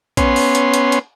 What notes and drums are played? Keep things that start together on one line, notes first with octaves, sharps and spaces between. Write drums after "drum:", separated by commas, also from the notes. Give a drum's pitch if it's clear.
B3 C#4 C6, drum: kick A#1, hi-hat
drum: open hi-hat
drum: hi-hat
drum: hi-hat
drum: hi-hat